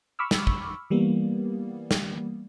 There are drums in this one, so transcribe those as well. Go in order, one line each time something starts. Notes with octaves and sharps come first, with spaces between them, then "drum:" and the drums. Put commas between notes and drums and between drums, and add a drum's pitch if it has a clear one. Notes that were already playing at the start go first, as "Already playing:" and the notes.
B5 C#6 D6 E6 F6
drum: snare
drum: kick
E3 G3 A#3 B3
drum: snare